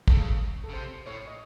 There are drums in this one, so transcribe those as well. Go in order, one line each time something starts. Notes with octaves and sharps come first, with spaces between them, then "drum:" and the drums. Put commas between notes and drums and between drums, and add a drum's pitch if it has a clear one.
C#3 A4, drum: kick
A4
C#3
C3 C5
A2 C#5
D#5